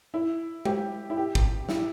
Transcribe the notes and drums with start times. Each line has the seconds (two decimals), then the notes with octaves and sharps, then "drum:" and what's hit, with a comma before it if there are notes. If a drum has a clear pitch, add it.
0.14 E4
0.65 G4, drum: tom G#3
1.10 E4
1.17 G4
1.35 drum: kick
1.69 E4, drum: snare